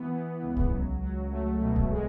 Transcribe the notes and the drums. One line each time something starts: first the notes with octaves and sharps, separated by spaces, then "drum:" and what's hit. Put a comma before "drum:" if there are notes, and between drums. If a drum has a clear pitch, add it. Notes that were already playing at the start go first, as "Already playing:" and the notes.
Already playing: E3 B3
E3
C#2
drum: kick
F#3
F#3
A3
B2
drum: kick
G#3